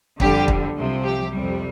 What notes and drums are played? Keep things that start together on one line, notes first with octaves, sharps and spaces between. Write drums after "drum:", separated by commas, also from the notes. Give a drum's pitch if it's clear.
F2 D3 G3 G4, drum: kick
drum: kick
C2 C3 F3
G4
F2 C3 G3